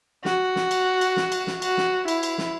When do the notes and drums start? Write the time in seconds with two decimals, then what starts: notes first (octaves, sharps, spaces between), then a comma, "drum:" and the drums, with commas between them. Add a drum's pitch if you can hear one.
0.25 F#4, drum: snare
0.56 drum: snare
0.71 drum: cymbal
1.01 drum: cymbal
1.17 drum: snare
1.32 drum: cymbal
1.47 drum: snare
1.62 F#4, drum: cymbal
1.77 drum: snare
2.08 E4, drum: cymbal
2.23 drum: cymbal
2.38 drum: snare